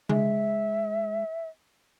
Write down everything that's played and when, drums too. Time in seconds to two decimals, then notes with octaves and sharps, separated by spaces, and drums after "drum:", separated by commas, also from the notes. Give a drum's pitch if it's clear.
0.09 G#3 E5, drum: tom C#3